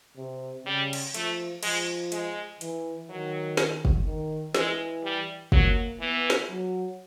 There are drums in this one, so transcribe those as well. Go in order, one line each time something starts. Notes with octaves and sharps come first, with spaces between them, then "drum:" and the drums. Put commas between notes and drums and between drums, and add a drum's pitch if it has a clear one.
C3
C#3 G3
drum: cymbal
F3 A3, drum: hi-hat
F3 G#3, drum: cymbal
G#3, drum: hi-hat
E3, drum: hi-hat
D#3 F#3
drum: snare
drum: kick
D#3
E3 G#3, drum: snare
G3
F#3 A#3, drum: kick
E3 B3
drum: snare
F#3